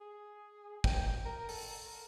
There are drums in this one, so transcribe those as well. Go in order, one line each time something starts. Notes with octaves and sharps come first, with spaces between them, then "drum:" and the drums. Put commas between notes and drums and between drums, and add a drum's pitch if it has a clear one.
G#4
G5, drum: kick
A#4
A4, drum: open hi-hat
A#4